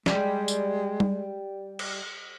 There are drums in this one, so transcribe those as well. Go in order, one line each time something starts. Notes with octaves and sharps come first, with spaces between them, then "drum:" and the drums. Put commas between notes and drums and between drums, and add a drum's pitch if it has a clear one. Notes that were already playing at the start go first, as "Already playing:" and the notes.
G3 G#3, drum: snare
drum: tambourine
drum: tom G3
drum: cymbal